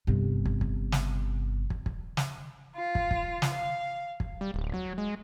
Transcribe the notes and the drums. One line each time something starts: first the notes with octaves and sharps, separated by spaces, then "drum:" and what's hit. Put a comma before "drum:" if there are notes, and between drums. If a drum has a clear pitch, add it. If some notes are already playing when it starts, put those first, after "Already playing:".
G1 C3
drum: kick
drum: kick
drum: snare
drum: kick
drum: kick
drum: snare
F4
drum: kick
drum: kick
drum: snare
F5
drum: kick
G3
D1
F#3
G#3